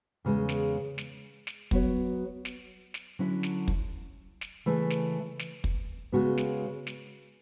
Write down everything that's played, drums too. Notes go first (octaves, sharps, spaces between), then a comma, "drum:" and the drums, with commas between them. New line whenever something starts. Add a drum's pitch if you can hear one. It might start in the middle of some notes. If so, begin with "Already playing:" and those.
E2 C#3 G#3
drum: snare
drum: snare
drum: snare
F#3 B3 F#4 C#5, drum: kick
drum: snare
drum: snare
D3 F#3 C#4 E4
drum: snare
drum: kick
drum: snare
C#3 E3 A3
drum: snare
drum: snare
drum: kick
C#3 G#3 B3 F#4
drum: snare
drum: snare